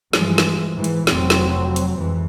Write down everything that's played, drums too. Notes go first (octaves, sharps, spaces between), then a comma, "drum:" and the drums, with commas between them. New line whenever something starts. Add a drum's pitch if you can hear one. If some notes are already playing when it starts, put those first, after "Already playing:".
G2 E3 F3 G#3, drum: snare
drum: snare
G#2 E3
drum: hi-hat
F1 F2 F#3 C4, drum: snare
drum: snare
drum: hi-hat
F2 G#2 E3